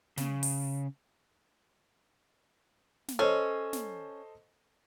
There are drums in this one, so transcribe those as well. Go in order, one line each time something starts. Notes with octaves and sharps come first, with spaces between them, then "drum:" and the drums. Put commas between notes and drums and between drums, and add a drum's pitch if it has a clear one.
C#3, drum: snare
drum: open hi-hat
drum: snare
C#4 A4 C5 D#5
drum: snare